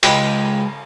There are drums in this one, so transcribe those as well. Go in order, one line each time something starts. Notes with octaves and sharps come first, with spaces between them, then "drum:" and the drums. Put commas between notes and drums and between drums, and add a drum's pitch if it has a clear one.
C#2 G#3 G4 B4, drum: cymbal